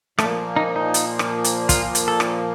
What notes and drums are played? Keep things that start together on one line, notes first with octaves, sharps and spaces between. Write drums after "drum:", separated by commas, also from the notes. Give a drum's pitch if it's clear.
A#2 F3 A3 A#3, drum: rim click
D#4
D#4
drum: hi-hat
drum: rim click
drum: hi-hat
F4, drum: kick, hi-hat
drum: hi-hat
A4
drum: rim click